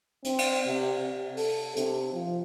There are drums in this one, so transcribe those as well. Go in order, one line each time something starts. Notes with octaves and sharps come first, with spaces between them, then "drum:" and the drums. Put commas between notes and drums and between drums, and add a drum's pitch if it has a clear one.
C4, drum: hi-hat
drum: cymbal
C3
C3
A4, drum: open hi-hat
C3, drum: hi-hat
F3